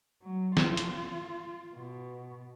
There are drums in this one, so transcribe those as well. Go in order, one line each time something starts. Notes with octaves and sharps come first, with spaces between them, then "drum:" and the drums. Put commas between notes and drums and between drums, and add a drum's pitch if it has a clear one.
F#3
F4, drum: snare
drum: hi-hat
B2